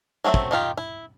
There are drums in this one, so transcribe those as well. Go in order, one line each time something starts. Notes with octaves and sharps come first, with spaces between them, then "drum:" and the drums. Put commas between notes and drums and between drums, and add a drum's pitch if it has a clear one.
F#3 A3 C4 A4 E5
drum: kick
D#3 D#4 F4 G4
E4